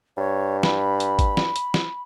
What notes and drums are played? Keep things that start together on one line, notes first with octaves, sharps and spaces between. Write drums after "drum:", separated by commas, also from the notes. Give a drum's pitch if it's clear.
G2 C#5
B5, drum: snare
drum: hi-hat
drum: kick G#1, hi-hat
drum: snare
drum: hi-hat
drum: snare